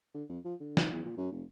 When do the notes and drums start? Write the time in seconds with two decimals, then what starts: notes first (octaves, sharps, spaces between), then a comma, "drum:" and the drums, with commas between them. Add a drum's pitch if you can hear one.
0.14 D3
0.29 F2
0.44 F3
0.60 D3
0.77 D#3, drum: snare
0.92 E2
1.05 A#2
1.17 F#2
1.32 F1